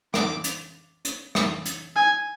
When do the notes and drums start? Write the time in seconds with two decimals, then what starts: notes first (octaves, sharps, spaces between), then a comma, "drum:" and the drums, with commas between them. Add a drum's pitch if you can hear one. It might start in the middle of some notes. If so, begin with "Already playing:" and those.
0.14 D6, drum: rim click
0.44 drum: hi-hat
1.05 drum: hi-hat
1.35 drum: rim click
1.65 drum: hi-hat
1.96 G#5